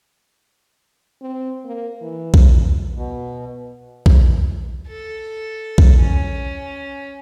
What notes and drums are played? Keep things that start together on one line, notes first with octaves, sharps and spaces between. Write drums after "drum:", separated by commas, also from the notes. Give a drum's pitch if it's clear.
C4
A#3
E3
drum: kick B1
B2
drum: kick B1
A4
drum: kick B1
C#4